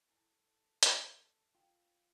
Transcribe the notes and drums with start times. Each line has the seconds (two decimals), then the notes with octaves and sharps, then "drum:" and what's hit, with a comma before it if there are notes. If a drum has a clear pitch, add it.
0.10 E4 A4 G#5
0.83 drum: hi-hat
1.55 F4 G5